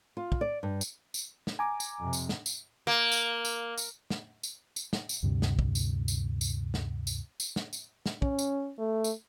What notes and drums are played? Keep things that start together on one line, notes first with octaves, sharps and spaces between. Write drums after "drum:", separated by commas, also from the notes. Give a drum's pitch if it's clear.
F4
drum: kick
D5
G2
drum: tambourine
drum: tambourine
drum: snare
G#5 A#5 D6
drum: tambourine
F2 C3
drum: tambourine
drum: snare
drum: tambourine
A#3
drum: tambourine
drum: tambourine
drum: tambourine
drum: snare
drum: tambourine
drum: tambourine
drum: snare
drum: tambourine
D2 G2 C3
drum: snare
drum: kick
drum: tambourine
drum: tambourine
drum: tambourine
drum: snare
drum: tambourine
drum: tambourine
drum: snare
drum: tambourine
drum: snare
C#4, drum: kick
drum: tambourine
A3
drum: tambourine